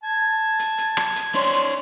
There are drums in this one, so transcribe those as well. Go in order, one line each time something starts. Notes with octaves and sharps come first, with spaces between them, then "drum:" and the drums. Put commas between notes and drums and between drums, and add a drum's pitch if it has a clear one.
A5 G#6
drum: hi-hat
drum: hi-hat
drum: rim click
drum: hi-hat
D4 C#5 C6, drum: hi-hat
drum: hi-hat